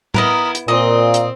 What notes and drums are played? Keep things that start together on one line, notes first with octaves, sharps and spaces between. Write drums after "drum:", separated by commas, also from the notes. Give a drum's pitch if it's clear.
B3 E4 A#4 B4 D#5, drum: tom A2
drum: hi-hat
A#2 C4 D#5
drum: hi-hat